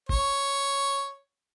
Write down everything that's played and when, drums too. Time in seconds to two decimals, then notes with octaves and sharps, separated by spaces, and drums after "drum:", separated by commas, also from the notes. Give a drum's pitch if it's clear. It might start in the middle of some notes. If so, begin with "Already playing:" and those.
0.09 C#5, drum: kick F1